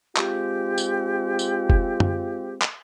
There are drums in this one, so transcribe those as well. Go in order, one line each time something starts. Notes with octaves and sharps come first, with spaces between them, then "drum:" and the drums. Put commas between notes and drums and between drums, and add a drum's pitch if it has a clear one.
G#3 C4 F4 G4, drum: clap
drum: tambourine
drum: tambourine
drum: kick F1
drum: tom F#2
drum: clap